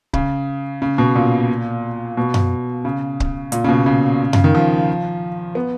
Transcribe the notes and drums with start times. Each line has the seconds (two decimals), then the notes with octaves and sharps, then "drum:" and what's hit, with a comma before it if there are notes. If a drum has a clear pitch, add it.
0.14 C#3, drum: kick C#1
0.82 C#3
0.98 B2
1.15 A#2
2.17 B2
2.34 drum: tom F#2
2.85 C#3
3.20 drum: kick C#1
3.52 A#2, drum: hi-hat
3.64 C#3
3.69 B2
3.86 C#3
4.33 C#3, drum: tom F#2
4.44 D#3
4.55 F3
5.55 B3